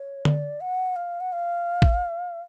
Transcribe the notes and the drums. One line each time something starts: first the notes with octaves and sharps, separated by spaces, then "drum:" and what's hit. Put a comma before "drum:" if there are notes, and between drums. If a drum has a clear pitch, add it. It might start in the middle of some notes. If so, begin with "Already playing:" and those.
Already playing: C#5
D5, drum: tom D3
F#5
F5
F#5
F5
drum: kick A1